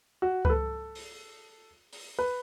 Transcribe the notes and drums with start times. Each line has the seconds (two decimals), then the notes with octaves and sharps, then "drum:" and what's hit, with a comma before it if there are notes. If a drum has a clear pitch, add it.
0.22 F#4
0.45 B4, drum: kick C#2
0.50 A4
0.95 drum: open hi-hat
1.93 drum: open hi-hat
2.19 B4